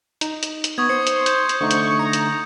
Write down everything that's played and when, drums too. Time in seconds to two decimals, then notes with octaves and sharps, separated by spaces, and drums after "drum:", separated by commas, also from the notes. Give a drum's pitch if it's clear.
0.21 D#4, drum: hi-hat
0.43 drum: hi-hat
0.64 drum: hi-hat
0.78 B3 C#6 D#6 G#6
0.89 C5 C#7
1.07 drum: hi-hat
1.26 G6, drum: hi-hat
1.49 drum: hi-hat
1.61 D3 A3 D#4 C#6
1.71 drum: hi-hat
1.99 A#5 C#7
2.13 drum: hi-hat